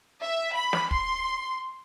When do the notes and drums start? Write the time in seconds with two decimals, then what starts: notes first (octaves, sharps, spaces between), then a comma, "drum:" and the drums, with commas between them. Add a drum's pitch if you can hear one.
0.22 E5
0.56 B5
0.73 drum: snare
0.91 C6, drum: kick